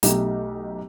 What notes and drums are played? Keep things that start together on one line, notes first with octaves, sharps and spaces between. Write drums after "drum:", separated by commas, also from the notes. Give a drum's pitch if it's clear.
B1 B2 A3 D#4 G4, drum: hi-hat